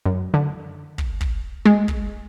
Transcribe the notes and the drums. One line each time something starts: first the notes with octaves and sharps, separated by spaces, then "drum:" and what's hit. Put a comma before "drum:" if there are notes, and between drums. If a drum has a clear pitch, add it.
F#2
D3
drum: kick
drum: kick
G#3
drum: kick